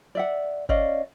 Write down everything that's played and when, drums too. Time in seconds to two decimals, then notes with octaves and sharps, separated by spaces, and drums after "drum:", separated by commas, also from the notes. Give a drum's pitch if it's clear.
0.15 D5 E5 F#5
0.69 C#4 D5 D#5 F5, drum: kick G1